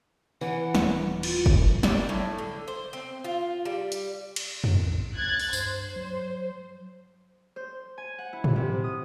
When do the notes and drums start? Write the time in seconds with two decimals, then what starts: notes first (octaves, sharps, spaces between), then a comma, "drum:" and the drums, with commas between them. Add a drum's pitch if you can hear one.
0.41 E3 F#5
0.75 D#1, drum: snare
1.23 F4, drum: cymbal
1.46 drum: kick
1.83 G3, drum: snare
2.09 A2
2.38 D3
2.68 C5
2.93 C4
3.24 F4
3.65 G3
3.92 drum: hi-hat
4.36 drum: cymbal
4.64 drum: tom
4.82 A#1
5.16 C#2 F#6 G#6 A6
5.40 drum: open hi-hat
5.53 G2 C5, drum: tambourine
5.96 F#3
7.56 C5
7.98 G#5
8.18 F#5
8.33 E4
8.44 drum: tom
8.56 C3
8.84 D#6